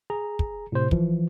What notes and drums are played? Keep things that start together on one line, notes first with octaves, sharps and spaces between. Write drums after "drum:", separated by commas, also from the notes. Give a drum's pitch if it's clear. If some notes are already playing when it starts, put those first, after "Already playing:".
G#4 A#5
drum: kick
A2 C3 C5
E3 F3, drum: kick